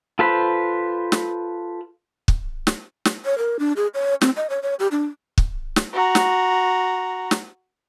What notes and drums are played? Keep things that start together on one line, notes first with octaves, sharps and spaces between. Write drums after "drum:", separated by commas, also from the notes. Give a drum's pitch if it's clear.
F4 A4 B4 C5 B5
drum: snare
drum: kick
drum: snare
drum: snare
C#5
A#4
D4
G#4
C#5
C4, drum: snare
D#5
C#5
C#5
G4
D4
drum: kick
drum: snare
F#4 A#5
drum: snare
drum: snare